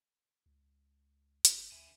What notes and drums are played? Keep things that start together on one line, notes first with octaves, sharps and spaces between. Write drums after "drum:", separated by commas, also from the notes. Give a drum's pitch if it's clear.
C#2
G1, drum: hi-hat
D2 D3 E5 G#5